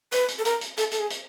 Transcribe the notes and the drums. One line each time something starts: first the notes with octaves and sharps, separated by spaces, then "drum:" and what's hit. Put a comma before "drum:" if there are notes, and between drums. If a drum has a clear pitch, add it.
B4, drum: hi-hat
drum: hi-hat
A4
A#4, drum: hi-hat
drum: hi-hat
A4, drum: hi-hat
A4, drum: hi-hat
G#4
drum: hi-hat